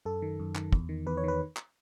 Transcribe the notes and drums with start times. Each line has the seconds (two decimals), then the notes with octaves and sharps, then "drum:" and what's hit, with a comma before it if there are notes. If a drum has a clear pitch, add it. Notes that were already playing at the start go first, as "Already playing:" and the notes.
0.05 F#2 A4
0.22 D#3
0.40 F#2
0.55 D#3, drum: clap
0.73 E2, drum: kick
0.89 D#3
1.06 E2 B4
1.17 C#5
1.24 D#3 B4
1.57 drum: clap